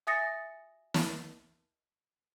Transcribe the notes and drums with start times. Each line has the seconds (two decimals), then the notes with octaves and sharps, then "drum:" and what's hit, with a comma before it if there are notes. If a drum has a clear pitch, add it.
0.07 E5 G#5 D#6 A6 A#6 C#7
0.94 drum: snare